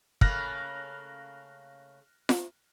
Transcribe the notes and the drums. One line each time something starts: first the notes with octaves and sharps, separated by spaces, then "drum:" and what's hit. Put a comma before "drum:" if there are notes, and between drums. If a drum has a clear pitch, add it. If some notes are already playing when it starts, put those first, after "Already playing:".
C#3 A3 A#3 F6 F#6 A#6, drum: kick
drum: snare F4